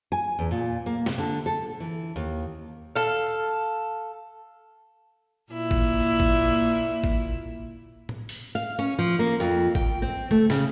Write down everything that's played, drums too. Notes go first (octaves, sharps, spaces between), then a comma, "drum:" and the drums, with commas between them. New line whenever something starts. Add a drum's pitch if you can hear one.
G#5
E2
A#2
A#3
C3, drum: snare
D3
A4
E3
D#2
A4 F5
A#2 A#3 E4
drum: kick G#1
drum: kick G#1
drum: kick G#1
drum: tom A2
drum: open hi-hat
F5
C#4
F3
A#3
F2
G5, drum: kick G#1
C4
A3, drum: tom C#3
C#3, drum: snare